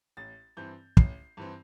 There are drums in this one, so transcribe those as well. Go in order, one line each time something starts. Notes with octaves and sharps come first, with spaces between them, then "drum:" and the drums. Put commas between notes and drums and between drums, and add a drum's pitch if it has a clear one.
A1 A6
G2 E3 C4 G6
A1 C7, drum: kick
G2 E3 C4